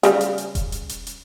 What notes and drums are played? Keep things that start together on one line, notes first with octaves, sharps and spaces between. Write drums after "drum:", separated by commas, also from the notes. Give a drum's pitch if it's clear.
C#3 G3 G#4, drum: hi-hat
drum: hi-hat
drum: hi-hat
drum: kick E1, hi-hat
drum: hi-hat
drum: hi-hat
drum: hi-hat